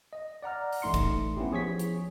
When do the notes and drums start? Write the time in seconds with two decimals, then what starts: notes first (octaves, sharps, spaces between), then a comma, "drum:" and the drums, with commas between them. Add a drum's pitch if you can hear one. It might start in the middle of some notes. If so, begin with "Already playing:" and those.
0.13 D#5
0.42 D5 F#5 A#5 F6
0.73 drum: open hi-hat
0.82 A1 A3 D#4 C6 C#7
0.94 drum: kick, hi-hat
1.37 B3 C#4 E4 G4
1.51 F3 G#4 C#5 C#6 B6
1.79 drum: hi-hat